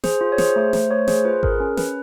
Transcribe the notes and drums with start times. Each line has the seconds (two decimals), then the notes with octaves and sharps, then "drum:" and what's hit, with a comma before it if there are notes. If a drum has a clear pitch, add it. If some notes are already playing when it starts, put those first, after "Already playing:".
0.04 G#4 C5, drum: snare
0.21 F4
0.32 C#5
0.38 G#4 C5, drum: snare
0.56 A3
0.73 A3 C5, drum: snare
0.91 A3 C#5
1.08 G#4 C5, drum: snare
1.25 F4 B4
1.43 G#4 A#4, drum: kick G#1
1.60 C#4
1.77 C#4 B4, drum: snare